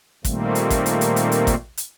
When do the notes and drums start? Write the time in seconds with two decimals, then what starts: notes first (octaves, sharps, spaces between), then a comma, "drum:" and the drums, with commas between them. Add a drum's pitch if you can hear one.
0.25 A#2 D#3 G3 A3 A#3 C4, drum: kick, hi-hat
0.55 drum: hi-hat
0.70 drum: kick, hi-hat
0.86 drum: hi-hat
1.01 drum: hi-hat
1.16 drum: hi-hat
1.32 drum: hi-hat
1.47 drum: kick, hi-hat
1.77 drum: hi-hat